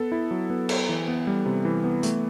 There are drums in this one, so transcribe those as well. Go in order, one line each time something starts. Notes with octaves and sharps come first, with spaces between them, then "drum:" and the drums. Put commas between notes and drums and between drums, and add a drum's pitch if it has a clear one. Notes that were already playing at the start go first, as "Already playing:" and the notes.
Already playing: B3 A4
E4
F#3
B3
A4, drum: cymbal
E3
B3
G3
C3
E3
B3
A3, drum: hi-hat